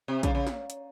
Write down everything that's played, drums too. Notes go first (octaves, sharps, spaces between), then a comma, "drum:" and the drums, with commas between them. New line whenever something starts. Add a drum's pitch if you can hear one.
C3
C#3, drum: kick A#1, hi-hat
C#3
drum: snare
drum: hi-hat